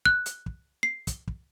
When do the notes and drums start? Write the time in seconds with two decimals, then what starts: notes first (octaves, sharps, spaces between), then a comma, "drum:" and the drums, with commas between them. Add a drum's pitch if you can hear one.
0.06 F#6, drum: kick
0.26 drum: hi-hat
0.46 drum: kick
0.83 C7
1.07 drum: kick, hi-hat
1.28 drum: kick